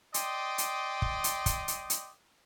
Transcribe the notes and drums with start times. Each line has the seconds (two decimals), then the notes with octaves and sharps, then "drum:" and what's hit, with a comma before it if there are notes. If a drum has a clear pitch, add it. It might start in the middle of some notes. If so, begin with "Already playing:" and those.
0.14 D5 D#5 G5 C6 D6 D#6, drum: hi-hat
0.58 drum: hi-hat
1.02 drum: kick
1.24 drum: hi-hat
1.46 drum: kick, hi-hat
1.68 drum: hi-hat
1.90 drum: hi-hat